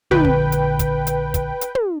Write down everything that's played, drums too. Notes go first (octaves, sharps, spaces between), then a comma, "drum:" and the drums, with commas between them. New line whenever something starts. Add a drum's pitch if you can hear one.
A#1 D3 B4 G5, drum: tom
drum: kick
drum: hi-hat
drum: kick, hi-hat
drum: hi-hat
drum: kick, hi-hat
drum: hi-hat
drum: tom